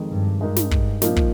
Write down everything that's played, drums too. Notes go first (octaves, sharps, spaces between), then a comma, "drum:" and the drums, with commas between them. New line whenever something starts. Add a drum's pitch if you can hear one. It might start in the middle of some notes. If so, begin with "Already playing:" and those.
Already playing: F2 D#3 G#3
G2
G2 G#3 D#4 A#4
drum: snare
drum: kick
A#2 F3 A#3 D#4, drum: snare
drum: kick